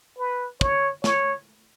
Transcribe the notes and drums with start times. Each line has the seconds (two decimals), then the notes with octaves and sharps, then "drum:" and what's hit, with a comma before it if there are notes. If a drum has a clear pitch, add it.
0.18 B4
0.61 C#5, drum: kick
1.04 C#5, drum: snare